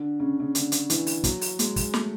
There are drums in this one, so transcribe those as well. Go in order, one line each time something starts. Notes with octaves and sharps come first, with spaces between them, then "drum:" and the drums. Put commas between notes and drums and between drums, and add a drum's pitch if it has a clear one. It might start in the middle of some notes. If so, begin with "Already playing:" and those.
Already playing: D3
C#3
C#3
D3, drum: hi-hat
drum: hi-hat
E3, drum: hi-hat
drum: open hi-hat
F#3, drum: kick, hi-hat
drum: open hi-hat
G#3, drum: hi-hat
drum: kick, open hi-hat
A3, drum: snare